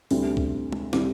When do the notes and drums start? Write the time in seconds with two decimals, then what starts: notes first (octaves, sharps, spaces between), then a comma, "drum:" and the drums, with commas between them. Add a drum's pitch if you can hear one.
0.11 D2 C3 G3 C4 E4, drum: open hi-hat
0.37 drum: kick
0.72 drum: tom
0.93 C3 G3 C4 E4, drum: snare